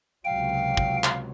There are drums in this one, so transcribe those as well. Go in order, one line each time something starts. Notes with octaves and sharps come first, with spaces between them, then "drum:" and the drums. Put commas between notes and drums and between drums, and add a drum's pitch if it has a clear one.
C#2 C3 F#3 F5 G5
drum: kick
drum: clap